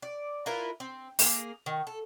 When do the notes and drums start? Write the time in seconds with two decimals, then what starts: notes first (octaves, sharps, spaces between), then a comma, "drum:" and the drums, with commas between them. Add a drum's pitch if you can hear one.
0.02 D5
0.46 E4 F4 A#4 B4
0.80 C4
1.19 A#3 G#4, drum: open hi-hat
1.66 D#3
1.87 A4